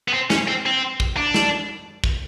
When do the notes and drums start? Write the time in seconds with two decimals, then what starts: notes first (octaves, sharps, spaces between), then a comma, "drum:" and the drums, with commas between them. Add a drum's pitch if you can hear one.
0.08 B3
0.13 C4
0.30 C#4, drum: snare
0.48 C4
0.66 C4
1.00 drum: kick
1.17 D4
1.34 drum: snare
2.04 drum: kick